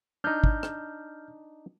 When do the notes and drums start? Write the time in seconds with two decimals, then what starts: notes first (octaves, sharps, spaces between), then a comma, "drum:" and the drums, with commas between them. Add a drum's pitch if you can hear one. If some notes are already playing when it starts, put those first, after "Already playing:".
0.24 D4 D#4 F6 G6
0.44 drum: kick
0.63 drum: rim click